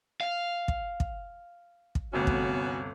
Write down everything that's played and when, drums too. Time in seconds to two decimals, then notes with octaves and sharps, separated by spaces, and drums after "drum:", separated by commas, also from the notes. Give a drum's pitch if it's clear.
0.21 F5
0.68 drum: kick
1.00 drum: kick
1.95 drum: kick
2.14 G1 D2 C3 B3 C#4 F#4
2.27 drum: kick